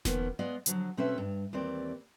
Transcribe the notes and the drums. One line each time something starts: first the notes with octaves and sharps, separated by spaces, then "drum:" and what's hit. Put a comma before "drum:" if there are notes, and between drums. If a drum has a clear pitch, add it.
D#3 F3 A#3 B3 C#4, drum: snare E1
G#3 B3 D5 D#5 F5
D3 F3 F#3, drum: hi-hat
B2 C4 C#4 A4 B4 E5
G2
D#2 E3 C4 D5